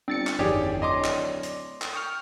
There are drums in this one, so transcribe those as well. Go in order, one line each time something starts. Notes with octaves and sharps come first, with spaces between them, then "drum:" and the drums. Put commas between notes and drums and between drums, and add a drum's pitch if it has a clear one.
G1 C4 D4 A6 C#7
drum: clap
D1 G1 F2 D#3 G4 G#4 C#5 D5
D5 D#5 C6 D6
drum: clap
drum: hi-hat
drum: clap
G5 C#6 D#6 F6